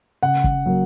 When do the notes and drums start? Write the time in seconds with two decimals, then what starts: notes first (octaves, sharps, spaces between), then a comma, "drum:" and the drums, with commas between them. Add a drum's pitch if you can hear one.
0.23 C#3 F#5
0.44 drum: kick
0.66 F#3 A#3